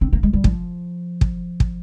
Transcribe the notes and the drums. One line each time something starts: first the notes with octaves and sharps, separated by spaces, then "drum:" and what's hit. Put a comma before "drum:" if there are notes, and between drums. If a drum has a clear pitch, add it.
C4
A#3
G#3
G3
F3, drum: kick
drum: kick
drum: kick